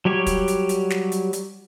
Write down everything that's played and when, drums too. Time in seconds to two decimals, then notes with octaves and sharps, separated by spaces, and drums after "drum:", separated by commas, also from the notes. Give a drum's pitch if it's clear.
0.05 F#3 G3 G4 C#5
0.26 drum: kick, hi-hat
0.48 drum: hi-hat
0.69 drum: hi-hat
0.90 drum: snare
1.12 drum: hi-hat
1.33 drum: hi-hat